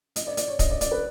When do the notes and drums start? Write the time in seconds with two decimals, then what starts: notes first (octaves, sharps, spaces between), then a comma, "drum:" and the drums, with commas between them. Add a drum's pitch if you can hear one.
0.16 D#5, drum: hi-hat
0.27 D5
0.37 D5, drum: hi-hat
0.48 C#5
0.59 D#5, drum: kick, hi-hat
0.70 D5
0.81 D5, drum: hi-hat
0.91 B4